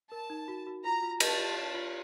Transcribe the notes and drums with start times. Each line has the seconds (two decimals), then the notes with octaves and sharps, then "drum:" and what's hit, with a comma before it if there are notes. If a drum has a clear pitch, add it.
0.12 A#4 A5
0.30 D#4
0.48 F#4
0.67 F#4
0.84 F4 A#5
1.03 F4
1.20 D#5 A5, drum: cymbal
1.38 F4
1.56 C#5
1.74 F4